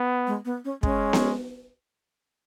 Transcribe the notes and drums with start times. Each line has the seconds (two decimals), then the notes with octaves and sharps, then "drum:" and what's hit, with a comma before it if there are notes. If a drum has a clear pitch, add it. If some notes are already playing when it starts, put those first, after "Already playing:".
Already playing: B3
0.27 G#3
0.45 B3
0.65 C#4
0.83 G#3 C#4, drum: kick
1.13 drum: snare B3